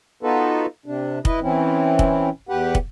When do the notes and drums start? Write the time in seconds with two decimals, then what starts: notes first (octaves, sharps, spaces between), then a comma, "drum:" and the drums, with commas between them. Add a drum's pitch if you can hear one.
0.23 B3 D#4 F4 F#4 A4 B4
0.86 C3 D4
1.25 E4 B4 D#5, drum: kick
1.42 E3 C4 C#4 E4
1.99 drum: kick
2.49 E2 G4 B4 F#5
2.75 drum: kick